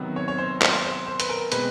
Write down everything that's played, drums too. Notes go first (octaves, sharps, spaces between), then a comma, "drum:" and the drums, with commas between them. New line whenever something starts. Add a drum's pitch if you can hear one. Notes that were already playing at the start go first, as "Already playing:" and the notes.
Already playing: C3 D#3 F#3 B3
C#5
C#5
C5
C5, drum: clap
C5
C5
B4, drum: hi-hat
A#4
B2 G#3 C4 B4, drum: hi-hat